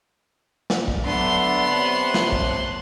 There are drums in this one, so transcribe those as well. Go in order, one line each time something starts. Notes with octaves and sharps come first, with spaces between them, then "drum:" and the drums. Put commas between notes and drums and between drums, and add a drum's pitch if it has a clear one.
drum: snare
drum: kick
D3 F#3 A3 B3 D4 C6
C3 C#5 A5 F#6
drum: snare
drum: kick